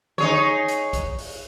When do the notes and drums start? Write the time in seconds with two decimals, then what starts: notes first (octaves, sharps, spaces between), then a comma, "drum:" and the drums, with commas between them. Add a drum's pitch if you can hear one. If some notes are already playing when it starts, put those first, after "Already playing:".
0.18 D#4 G#4 C#5, drum: tom
0.68 drum: hi-hat
0.93 drum: kick B1, hi-hat
1.18 drum: open hi-hat